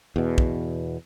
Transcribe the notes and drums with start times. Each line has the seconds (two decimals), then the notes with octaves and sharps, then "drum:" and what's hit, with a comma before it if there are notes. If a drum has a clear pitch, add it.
0.16 E2 B2
0.38 drum: kick